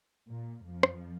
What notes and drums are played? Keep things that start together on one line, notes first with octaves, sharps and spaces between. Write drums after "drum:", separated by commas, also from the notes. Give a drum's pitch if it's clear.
A#2
F2 F3
drum: rim click